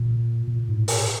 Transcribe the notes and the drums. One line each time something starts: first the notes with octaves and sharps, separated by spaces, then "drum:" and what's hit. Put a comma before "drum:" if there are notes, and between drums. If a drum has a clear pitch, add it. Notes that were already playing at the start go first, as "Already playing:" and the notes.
Already playing: A#2
A#2
G#2
A2
drum: open hi-hat